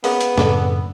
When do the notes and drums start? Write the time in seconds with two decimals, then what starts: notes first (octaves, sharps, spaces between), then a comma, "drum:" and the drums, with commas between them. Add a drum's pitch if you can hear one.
0.04 G#3 A#3 B3 C#4, drum: open hi-hat
0.21 drum: hi-hat
0.38 F#2 A2 C#3 D4 A4 D5, drum: snare